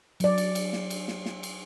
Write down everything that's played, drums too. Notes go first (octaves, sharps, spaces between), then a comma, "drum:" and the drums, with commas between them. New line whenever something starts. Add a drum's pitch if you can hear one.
F#3 D5, drum: cymbal
drum: cymbal
drum: cymbal
drum: snare
drum: cymbal
drum: snare
drum: snare
drum: cymbal